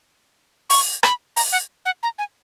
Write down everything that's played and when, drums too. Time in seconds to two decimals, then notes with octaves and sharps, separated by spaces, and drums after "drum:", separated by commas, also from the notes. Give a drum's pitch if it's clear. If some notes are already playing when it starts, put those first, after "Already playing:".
0.70 C#6, drum: open hi-hat
1.03 B5, drum: rim click
1.36 A#5, drum: open hi-hat
1.52 F#5
1.86 F#5
2.03 A#5
2.18 G#5